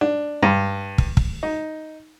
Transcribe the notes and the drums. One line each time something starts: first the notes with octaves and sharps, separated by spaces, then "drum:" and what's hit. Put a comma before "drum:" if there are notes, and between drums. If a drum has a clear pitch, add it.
D4
G2
drum: kick
drum: kick
D#4